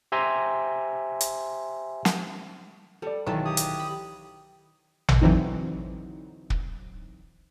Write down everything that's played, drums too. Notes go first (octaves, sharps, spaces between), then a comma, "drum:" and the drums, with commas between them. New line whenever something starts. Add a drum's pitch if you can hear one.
G4 C5 E5 G#5 A#5 C6
drum: hi-hat
drum: snare
G3 A4 D5
B1 D#3 E3 A4
G4 G#4 D#6
drum: hi-hat
B5
drum: tom A1
D3 E3 F#3 C4 D#4
drum: kick